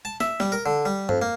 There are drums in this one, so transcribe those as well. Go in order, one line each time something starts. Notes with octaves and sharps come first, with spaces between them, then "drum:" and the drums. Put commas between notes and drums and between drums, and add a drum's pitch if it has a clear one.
A5
E5, drum: snare
G3, drum: snare
A#4
D3
G3
F2, drum: tom G2
A#3